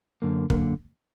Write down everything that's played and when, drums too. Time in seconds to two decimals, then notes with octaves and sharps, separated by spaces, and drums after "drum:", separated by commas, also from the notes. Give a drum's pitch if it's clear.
0.22 F#2 D3 A#3
0.50 F#2 D3 A#3 A#4, drum: kick